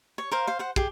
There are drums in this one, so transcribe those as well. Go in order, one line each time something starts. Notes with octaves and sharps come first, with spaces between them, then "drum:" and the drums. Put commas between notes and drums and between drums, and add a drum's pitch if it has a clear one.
C#5
A#4 C5 F5
C5 F5
C5 F#5
G4 G#4, drum: kick